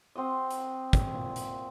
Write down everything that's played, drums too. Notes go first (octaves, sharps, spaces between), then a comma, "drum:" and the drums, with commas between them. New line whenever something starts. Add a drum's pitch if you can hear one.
C4 F#4 D#5
drum: hi-hat
drum: kick, hi-hat
A#2
drum: hi-hat